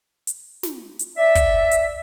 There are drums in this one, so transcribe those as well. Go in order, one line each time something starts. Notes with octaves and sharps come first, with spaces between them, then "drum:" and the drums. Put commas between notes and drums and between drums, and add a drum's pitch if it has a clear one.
drum: hi-hat
drum: snare
drum: hi-hat
D5 E5
drum: kick, hi-hat
drum: hi-hat